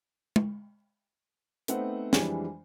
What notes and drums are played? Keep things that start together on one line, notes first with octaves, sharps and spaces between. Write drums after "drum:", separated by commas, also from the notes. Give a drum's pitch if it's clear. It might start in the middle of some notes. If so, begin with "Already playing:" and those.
drum: tom
A3 B3 C4 D#4 C5 F#5, drum: hi-hat
F2 E3 G3 G#3 D4, drum: snare